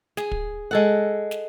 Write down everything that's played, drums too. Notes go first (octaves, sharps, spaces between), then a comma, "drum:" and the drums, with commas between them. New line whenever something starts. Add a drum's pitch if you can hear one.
G#4, drum: snare
drum: kick
G#3 A4 F#5
drum: snare